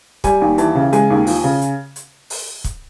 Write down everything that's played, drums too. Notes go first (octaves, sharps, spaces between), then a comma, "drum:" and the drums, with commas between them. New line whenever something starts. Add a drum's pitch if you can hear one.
G3 G#5, drum: kick, hi-hat
D#2 G#5
E3 A5, drum: hi-hat
C#3
G#3 G#5, drum: hi-hat
D#2
F3, drum: open hi-hat
C#3
drum: hi-hat
drum: hi-hat
drum: open hi-hat
drum: kick, hi-hat